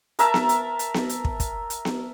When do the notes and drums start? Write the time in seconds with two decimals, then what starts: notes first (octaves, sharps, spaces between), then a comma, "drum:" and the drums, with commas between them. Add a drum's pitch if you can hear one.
0.19 A#4 E5 A5, drum: hi-hat
0.34 drum: snare B3
0.49 drum: hi-hat
0.79 drum: hi-hat
0.94 drum: snare B3
1.09 drum: hi-hat
1.25 drum: kick
1.40 drum: kick, hi-hat
1.70 drum: hi-hat
1.85 drum: snare B3